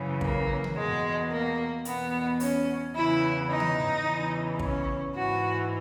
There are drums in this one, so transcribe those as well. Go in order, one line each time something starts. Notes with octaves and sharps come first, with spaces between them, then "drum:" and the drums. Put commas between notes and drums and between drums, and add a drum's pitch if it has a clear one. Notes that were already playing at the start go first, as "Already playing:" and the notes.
Already playing: F#2 C#3 E3
A#3, drum: kick
drum: tom
E2 B2 G#3
A#3
E2 B2 B3, drum: hi-hat
C#4, drum: open hi-hat
E2 C#3 E3 E4
D#4
drum: tom
E2 C#3 E3
C#4, drum: kick
G#2 E3 F#4